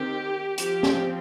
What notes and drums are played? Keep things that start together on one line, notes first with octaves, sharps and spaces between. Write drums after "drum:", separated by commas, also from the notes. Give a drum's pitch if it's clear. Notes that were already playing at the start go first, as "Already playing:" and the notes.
Already playing: D#3 C4 G4
F3 C4 G4, drum: hi-hat
drum: snare